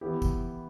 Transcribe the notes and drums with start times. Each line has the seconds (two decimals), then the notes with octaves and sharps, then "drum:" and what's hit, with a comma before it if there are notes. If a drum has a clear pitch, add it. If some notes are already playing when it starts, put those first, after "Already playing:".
0.01 E3 B3 E4 G4
0.22 drum: kick, tambourine